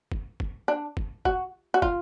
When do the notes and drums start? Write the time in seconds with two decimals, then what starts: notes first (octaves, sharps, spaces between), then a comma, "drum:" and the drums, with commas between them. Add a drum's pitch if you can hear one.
0.12 drum: kick
0.40 drum: kick
0.68 D4
0.97 drum: kick
1.25 F#4, drum: kick
1.74 F#4
1.82 F4, drum: kick